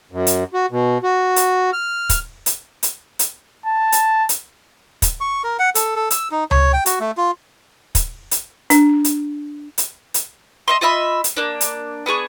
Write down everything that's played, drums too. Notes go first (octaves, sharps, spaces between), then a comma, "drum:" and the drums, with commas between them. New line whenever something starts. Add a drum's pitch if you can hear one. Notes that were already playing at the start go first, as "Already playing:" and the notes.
F#2
drum: hi-hat
F#4
B2
F#4
drum: hi-hat
F6
drum: kick, hi-hat
drum: hi-hat
drum: hi-hat
drum: hi-hat
A5
drum: hi-hat
drum: hi-hat
drum: kick, hi-hat
C#6
A#4
F#5
A4, drum: hi-hat
A4
E6, drum: hi-hat
D#4
C#5, drum: tom C#2
G5
F#4, drum: hi-hat
A3
F4
drum: kick, hi-hat
drum: hi-hat
D4, drum: hi-hat
drum: hi-hat
drum: hi-hat
drum: hi-hat
D#5 E5 C6
F4 D#5 E5 B5
drum: hi-hat
A#3 D4
drum: hi-hat
B3 D4 G#4 C#6